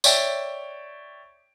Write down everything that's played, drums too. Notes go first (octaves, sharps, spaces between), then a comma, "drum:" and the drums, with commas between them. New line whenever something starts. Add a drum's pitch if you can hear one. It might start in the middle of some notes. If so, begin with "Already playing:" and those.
C#5 D5 E5 G5, drum: tambourine